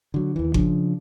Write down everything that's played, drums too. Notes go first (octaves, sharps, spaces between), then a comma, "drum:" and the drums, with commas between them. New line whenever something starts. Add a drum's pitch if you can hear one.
D3 F#3
D#2 E3
C#3 F3 D4, drum: kick G1